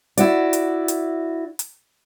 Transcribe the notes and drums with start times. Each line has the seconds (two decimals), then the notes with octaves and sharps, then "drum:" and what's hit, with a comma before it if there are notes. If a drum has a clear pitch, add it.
0.17 E4 F#4 D5, drum: hi-hat
0.53 drum: hi-hat
0.88 drum: hi-hat
1.59 drum: hi-hat